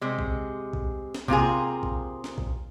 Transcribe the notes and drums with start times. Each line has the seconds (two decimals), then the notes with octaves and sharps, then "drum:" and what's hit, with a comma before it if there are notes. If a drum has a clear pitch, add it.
0.01 C3 G#3
0.19 drum: kick B1
0.73 drum: kick B1
1.15 drum: snare
1.28 C3 A#3 F4 G#4, drum: kick B1
1.83 drum: kick B1
2.24 drum: snare
2.38 drum: kick B1